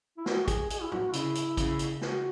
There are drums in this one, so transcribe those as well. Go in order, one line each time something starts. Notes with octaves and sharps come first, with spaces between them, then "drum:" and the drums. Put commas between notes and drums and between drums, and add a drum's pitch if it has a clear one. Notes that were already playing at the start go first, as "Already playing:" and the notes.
E4
F#4, drum: snare
G#4, drum: kick, hi-hat
G#4, drum: hi-hat
E4
F#4, drum: tom
C#3 E4, drum: hi-hat
drum: hi-hat
C#3, drum: kick, hi-hat
drum: hi-hat
F#4, drum: snare